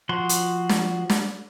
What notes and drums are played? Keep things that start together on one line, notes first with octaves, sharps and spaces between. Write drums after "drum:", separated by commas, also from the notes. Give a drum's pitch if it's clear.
F3 F#4 C6
drum: hi-hat
drum: snare
drum: snare